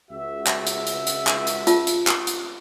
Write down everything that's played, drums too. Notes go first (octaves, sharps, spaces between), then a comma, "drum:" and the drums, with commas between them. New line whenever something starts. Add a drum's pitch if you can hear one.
C#2 F#4 E5
drum: clap
drum: hi-hat
drum: hi-hat
drum: hi-hat
drum: clap
drum: hi-hat
F4 A5, drum: hi-hat
drum: hi-hat
drum: clap
drum: hi-hat